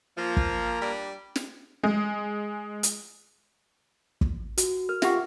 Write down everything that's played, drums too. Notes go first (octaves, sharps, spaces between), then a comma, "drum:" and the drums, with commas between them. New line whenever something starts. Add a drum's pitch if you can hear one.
F3 A#3 A#4 A#5
drum: kick
G3 D4
drum: snare
G#3
drum: hi-hat
drum: kick
F#4, drum: hi-hat
A#4 F6
F4 G4 E5 F#5 G5 C#6, drum: snare